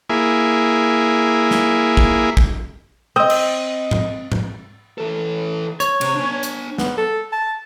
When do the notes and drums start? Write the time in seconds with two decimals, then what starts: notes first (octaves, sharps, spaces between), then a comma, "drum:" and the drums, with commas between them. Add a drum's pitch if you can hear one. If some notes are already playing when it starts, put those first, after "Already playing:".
0.09 A#3 E4 G#4
1.51 drum: snare
1.97 drum: kick
2.37 drum: kick
3.16 C4 D#5 D#6
3.30 drum: cymbal
3.91 drum: tom G#2
4.32 drum: tom G#2
4.98 E3 A4
5.80 C#5, drum: hi-hat
6.01 C3, drum: cymbal
6.15 D4 G#5
6.43 drum: hi-hat
6.78 B3, drum: snare
6.98 A4
7.32 A5